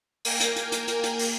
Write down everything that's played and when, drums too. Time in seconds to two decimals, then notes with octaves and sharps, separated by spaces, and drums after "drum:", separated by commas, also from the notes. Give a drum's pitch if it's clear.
0.25 A#3 A#4 G5 G#5, drum: open hi-hat
0.40 drum: hi-hat
0.56 drum: hi-hat
0.72 drum: hi-hat
0.88 drum: hi-hat
1.03 drum: hi-hat
1.19 drum: open hi-hat